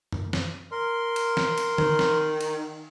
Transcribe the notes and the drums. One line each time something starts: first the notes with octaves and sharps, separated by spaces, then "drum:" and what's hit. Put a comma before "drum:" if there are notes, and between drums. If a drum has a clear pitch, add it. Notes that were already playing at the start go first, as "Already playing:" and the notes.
drum: tom F#2
drum: snare
A#4 C6
drum: cymbal
drum: snare
drum: cymbal
D#3, drum: tom D3
drum: snare
drum: cymbal